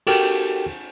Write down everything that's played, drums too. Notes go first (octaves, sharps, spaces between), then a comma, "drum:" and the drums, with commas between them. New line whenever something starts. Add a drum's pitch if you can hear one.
F#4 G4 A4 A#4 G5, drum: cymbal